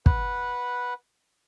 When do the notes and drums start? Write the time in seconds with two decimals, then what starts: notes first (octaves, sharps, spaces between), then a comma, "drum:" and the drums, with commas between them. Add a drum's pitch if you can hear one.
0.06 B4 F#5, drum: kick